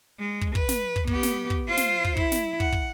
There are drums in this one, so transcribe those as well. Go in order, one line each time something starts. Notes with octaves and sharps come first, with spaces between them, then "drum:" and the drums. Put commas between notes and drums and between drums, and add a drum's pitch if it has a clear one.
G#3
drum: kick
B4, drum: kick
drum: snare
drum: kick
B3 G4, drum: kick
drum: snare
drum: kick
F4 C5
drum: snare
drum: kick
E4, drum: kick
drum: snare
F#5, drum: kick
drum: kick